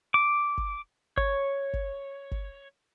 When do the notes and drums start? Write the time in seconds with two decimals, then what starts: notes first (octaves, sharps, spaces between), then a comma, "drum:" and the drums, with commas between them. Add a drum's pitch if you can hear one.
0.14 D6
0.58 drum: kick G1
1.18 C#5, drum: kick G1
1.74 drum: kick G1
2.32 drum: kick G1